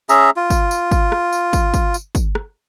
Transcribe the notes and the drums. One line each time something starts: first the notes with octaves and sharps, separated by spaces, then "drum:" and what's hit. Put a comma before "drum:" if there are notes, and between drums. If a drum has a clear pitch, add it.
C#4 G#4 E5 A#5, drum: tambourine
F4
drum: kick, tambourine
drum: tambourine
drum: kick, tambourine
drum: rim click
drum: tambourine
drum: kick, tambourine
drum: kick, tambourine
drum: tambourine
drum: kick, tambourine
drum: rim click